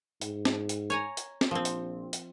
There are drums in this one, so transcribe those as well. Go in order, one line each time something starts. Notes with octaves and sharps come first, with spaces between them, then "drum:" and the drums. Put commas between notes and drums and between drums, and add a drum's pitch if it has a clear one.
G#2, drum: hi-hat
drum: snare
drum: hi-hat
C#5 G#5 A#5
drum: hi-hat
drum: snare
A#1 F3 C4
drum: hi-hat
drum: hi-hat